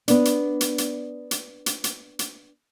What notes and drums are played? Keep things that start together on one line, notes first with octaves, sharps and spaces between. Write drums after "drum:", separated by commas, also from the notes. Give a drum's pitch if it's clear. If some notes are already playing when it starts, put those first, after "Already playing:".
B3 D4, drum: hi-hat
drum: hi-hat
drum: hi-hat
drum: hi-hat
drum: hi-hat
drum: hi-hat
drum: hi-hat
drum: hi-hat